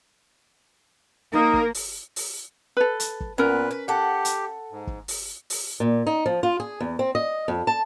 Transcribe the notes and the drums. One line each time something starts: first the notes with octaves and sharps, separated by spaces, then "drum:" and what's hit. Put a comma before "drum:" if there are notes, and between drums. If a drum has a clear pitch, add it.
A#3 D#4 A#4
drum: kick
drum: open hi-hat
drum: open hi-hat
A4 B4
drum: hi-hat
drum: kick
A#2 B3 C#4 A#4 B4
B4
G4 A4 F#5
drum: hi-hat
G#2
drum: kick
drum: open hi-hat
drum: open hi-hat
A#2
D#4
F3
F4
G#4
E2
C4
D#5
F2
A5